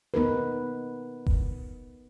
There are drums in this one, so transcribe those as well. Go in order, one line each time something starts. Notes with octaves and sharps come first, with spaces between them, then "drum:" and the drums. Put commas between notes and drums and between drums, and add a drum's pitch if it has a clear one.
B3 D#4 A#4 B4
drum: kick F1